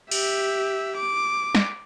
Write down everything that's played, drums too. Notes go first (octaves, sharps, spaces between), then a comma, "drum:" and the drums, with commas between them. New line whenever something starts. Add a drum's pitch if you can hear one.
G4 E5, drum: cymbal
D6
drum: snare